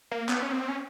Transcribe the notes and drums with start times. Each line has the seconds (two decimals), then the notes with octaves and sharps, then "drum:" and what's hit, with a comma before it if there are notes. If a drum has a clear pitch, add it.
0.11 A#3
0.29 B3, drum: clap
0.42 C#4
0.52 C4
0.69 C#4